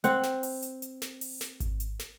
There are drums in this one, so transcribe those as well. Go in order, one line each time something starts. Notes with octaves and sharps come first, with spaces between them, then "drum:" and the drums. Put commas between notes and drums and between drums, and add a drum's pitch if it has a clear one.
C4 F#5, drum: hi-hat
drum: snare
drum: open hi-hat
drum: hi-hat
drum: hi-hat
drum: snare
drum: open hi-hat
drum: snare
drum: kick G#1, hi-hat
drum: hi-hat
drum: snare